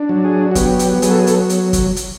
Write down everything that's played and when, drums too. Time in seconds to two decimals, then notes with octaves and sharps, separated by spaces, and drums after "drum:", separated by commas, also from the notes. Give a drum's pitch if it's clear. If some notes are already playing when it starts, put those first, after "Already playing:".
Already playing: D4
0.09 F#3
0.24 G#4
0.51 F#4
0.55 B3 G4, drum: kick, hi-hat
0.79 drum: hi-hat
1.02 F#3 G#4, drum: hi-hat
1.11 A4
1.18 G#4
1.27 A4, drum: hi-hat
1.50 drum: hi-hat
1.73 drum: kick, hi-hat
1.96 drum: hi-hat